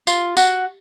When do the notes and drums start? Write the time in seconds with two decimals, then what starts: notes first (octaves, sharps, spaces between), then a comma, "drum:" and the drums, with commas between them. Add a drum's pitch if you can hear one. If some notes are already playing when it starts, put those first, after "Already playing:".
0.07 F4, drum: tambourine
0.37 F#4, drum: tambourine